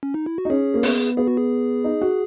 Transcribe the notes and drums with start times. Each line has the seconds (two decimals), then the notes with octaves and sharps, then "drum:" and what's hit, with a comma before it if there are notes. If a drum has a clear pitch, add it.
0.03 C#4
0.14 D#4
0.26 E4
0.38 F#4
0.45 D#4
0.50 C#4 G#4
0.74 A#3
0.83 B3, drum: open hi-hat
1.17 B3 G#4
1.27 F#4
1.37 G#4
1.84 D#4
2.01 F#4